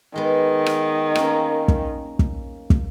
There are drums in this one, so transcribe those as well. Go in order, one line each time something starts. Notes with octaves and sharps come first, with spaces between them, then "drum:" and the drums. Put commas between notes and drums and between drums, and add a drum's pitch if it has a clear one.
D#3 G#3 B3
drum: rim click
A#3 C#4, drum: rim click
drum: kick
drum: kick
drum: kick